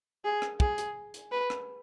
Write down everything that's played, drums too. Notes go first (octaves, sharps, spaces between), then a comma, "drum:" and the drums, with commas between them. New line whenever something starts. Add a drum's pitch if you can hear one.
G#4
drum: rim click
G#4, drum: kick
drum: hi-hat
drum: hi-hat
B4
drum: rim click